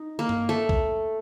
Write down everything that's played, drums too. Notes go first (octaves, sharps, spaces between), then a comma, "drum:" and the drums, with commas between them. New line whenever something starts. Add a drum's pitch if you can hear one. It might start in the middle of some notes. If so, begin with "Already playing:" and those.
Already playing: D#4
A#3
drum: tom G2
A3
drum: kick